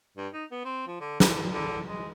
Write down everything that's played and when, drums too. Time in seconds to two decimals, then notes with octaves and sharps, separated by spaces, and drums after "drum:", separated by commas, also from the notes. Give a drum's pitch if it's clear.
0.17 G2
0.33 D#4
0.51 B3
0.64 C4
0.87 F3
1.00 D3
1.20 D3, drum: snare
1.49 D3
1.87 G#3